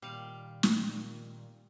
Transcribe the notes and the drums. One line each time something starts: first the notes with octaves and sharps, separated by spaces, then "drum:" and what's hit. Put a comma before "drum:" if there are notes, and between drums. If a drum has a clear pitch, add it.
A#2 D#3 G3 F5
drum: snare